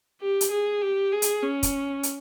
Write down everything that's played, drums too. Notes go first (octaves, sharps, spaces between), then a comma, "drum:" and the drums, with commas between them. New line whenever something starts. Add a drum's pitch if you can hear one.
G4
drum: hi-hat
G#4
G4
G#4
drum: hi-hat
C#4
drum: kick, hi-hat
drum: hi-hat